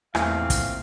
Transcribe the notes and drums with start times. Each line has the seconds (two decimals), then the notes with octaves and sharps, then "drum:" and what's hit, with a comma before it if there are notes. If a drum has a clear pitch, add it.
0.15 A1 E2 A#2 E3 C4 F5, drum: rim click
0.50 drum: kick, hi-hat